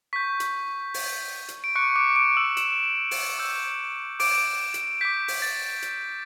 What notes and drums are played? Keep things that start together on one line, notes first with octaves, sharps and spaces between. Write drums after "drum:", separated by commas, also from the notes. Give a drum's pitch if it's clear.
C#6 G6 B6
drum: hi-hat
drum: open hi-hat
drum: hi-hat
D7
C#6 D6 F#6 C#7
D6 D7
D6 D7
E6 E7
E6 E7, drum: hi-hat
drum: open hi-hat
C#6 E6 G6
D6 D7, drum: open hi-hat
drum: hi-hat
D6 G6 B6
drum: open hi-hat
A6
drum: hi-hat